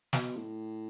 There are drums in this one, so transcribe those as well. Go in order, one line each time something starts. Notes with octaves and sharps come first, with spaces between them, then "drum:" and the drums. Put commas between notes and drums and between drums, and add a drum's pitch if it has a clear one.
B2, drum: snare
A2